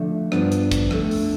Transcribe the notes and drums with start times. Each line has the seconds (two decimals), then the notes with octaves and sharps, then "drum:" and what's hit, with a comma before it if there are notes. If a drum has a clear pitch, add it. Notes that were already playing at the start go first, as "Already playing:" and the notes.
Already playing: D3 F3 A3 D4 E5
0.32 G2 F3 B3 D4, drum: rim click
0.52 drum: hi-hat
0.72 drum: kick, hi-hat
0.91 F2 D3 A3, drum: rim click
1.11 drum: open hi-hat